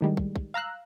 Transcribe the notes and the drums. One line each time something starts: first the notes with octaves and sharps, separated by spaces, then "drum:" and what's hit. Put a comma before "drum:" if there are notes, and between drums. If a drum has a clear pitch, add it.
A2 D#3 G3 G#3
drum: kick
drum: kick
F5 A#5 E6 F#6